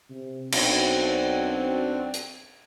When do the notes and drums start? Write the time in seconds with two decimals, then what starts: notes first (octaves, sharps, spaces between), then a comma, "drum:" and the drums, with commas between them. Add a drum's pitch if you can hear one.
0.10 C3
0.52 B1 C4 D4 F#4, drum: cymbal
2.14 drum: hi-hat